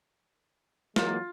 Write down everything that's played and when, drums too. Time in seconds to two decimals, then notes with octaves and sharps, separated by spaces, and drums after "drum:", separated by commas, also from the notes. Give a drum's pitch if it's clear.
0.96 E3 F#3 G#3 A#3 F4, drum: snare